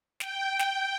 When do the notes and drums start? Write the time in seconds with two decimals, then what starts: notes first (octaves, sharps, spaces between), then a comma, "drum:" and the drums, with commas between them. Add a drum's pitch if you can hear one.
0.20 G5, drum: snare
0.59 drum: snare